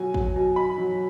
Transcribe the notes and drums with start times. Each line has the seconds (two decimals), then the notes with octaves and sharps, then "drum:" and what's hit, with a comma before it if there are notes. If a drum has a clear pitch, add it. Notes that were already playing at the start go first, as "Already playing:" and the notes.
Already playing: B2 F#3 G#5
0.14 F#3, drum: kick A1
0.36 B2
0.56 B2 B5
0.78 F#3